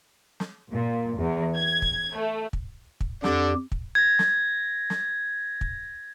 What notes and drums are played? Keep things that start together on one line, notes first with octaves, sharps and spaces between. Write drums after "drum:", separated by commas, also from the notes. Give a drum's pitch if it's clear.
drum: snare
A#2
E2
G#6
drum: kick
A3
drum: kick
drum: kick
F2 D3 G4 D5, drum: snare
drum: kick
G#6 A#6
drum: snare
drum: snare
drum: kick